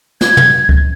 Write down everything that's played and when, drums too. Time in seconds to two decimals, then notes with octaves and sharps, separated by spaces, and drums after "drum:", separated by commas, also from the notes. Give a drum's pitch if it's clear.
0.21 G#6, drum: snare
0.37 drum: tom
0.69 drum: kick C#2